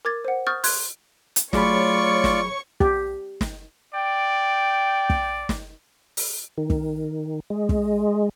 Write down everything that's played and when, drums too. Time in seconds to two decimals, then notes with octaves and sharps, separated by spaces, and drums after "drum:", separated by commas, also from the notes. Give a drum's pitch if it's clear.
0.05 A#4 D6 G#6 A6
0.25 C5 F#5
0.47 C#6 D#6 F6 G6 A6
0.64 C6 F#6 G#6, drum: open hi-hat
1.36 drum: hi-hat
1.53 F#3 A3 F4 G#4 C#5 D5 B5 C#6, drum: snare
2.24 drum: snare
2.80 G4, drum: kick
3.41 drum: snare
3.95 D5 G5
5.10 drum: kick
5.49 drum: snare
6.17 drum: open hi-hat
6.58 D#3
6.70 drum: kick
7.50 G#3
7.69 drum: kick